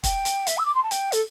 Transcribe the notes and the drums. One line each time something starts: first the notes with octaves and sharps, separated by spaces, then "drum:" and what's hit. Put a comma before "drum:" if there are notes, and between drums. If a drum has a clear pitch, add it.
G5, drum: kick, hi-hat
drum: hi-hat
E5, drum: hi-hat
E6
D6
C6
A5
G5, drum: hi-hat
A4, drum: hi-hat